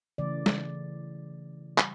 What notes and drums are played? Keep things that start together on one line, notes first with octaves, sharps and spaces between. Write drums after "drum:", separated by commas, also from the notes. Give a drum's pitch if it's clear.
C#3 E3 A3 D5
drum: snare
G3, drum: clap